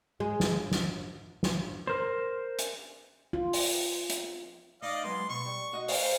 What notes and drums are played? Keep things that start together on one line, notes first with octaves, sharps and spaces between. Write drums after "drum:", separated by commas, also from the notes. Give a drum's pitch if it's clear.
G#3
drum: snare
drum: snare
drum: snare
A#4 C5
drum: hi-hat
F4
drum: open hi-hat
drum: hi-hat
D#4 D5 D#5 F5
F#3 G#3 B3 C6
B2 C#6
G3
D#4 F#4 D#5
C5 F5, drum: open hi-hat